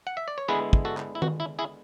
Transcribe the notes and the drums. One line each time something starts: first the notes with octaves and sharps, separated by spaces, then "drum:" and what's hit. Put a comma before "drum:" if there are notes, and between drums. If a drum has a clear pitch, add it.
F#5
E5
D5
C#5
D3 G#3 B3 E4 G#4 B4
drum: kick
F#4 A4
drum: clap
E4
F#4, drum: tom D#3
E4
E4 G#4